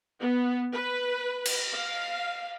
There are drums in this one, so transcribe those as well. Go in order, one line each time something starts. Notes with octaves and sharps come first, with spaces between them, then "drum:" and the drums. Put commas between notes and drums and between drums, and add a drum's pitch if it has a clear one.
B3
B4
drum: cymbal
F5